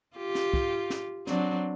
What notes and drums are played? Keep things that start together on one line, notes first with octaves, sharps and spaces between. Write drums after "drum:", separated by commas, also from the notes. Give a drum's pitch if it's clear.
F4 G4
drum: snare
drum: kick
drum: snare
F#3 C4 D4, drum: snare